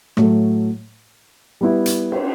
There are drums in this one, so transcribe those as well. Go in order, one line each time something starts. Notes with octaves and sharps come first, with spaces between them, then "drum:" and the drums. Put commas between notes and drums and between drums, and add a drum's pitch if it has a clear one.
A2 F#3 A3, drum: rim click
G3 B3 E4
drum: hi-hat
drum: cymbal